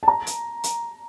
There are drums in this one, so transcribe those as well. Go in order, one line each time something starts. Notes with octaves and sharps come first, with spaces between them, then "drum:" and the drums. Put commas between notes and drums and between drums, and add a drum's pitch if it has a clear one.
A5
A#5
drum: hi-hat
drum: hi-hat